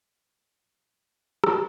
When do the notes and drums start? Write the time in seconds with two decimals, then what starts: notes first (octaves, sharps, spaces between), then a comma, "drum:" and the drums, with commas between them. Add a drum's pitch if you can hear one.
0.20 A2 F3 F#3
1.44 drum: rim click